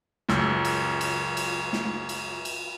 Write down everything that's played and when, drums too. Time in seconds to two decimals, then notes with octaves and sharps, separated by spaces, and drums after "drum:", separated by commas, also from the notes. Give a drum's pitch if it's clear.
0.29 C#2 F#2 E6, drum: snare
0.65 drum: cymbal
1.01 drum: cymbal
1.37 drum: cymbal
1.73 drum: snare
2.09 drum: cymbal
2.45 drum: cymbal